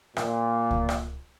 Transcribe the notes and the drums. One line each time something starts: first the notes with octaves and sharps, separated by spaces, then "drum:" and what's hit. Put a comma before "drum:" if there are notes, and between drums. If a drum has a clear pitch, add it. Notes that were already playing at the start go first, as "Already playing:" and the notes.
A#2, drum: rim click
drum: kick C#2
drum: rim click